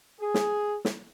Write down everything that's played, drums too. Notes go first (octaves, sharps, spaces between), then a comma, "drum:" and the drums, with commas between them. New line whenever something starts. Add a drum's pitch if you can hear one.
G#4
drum: snare
drum: snare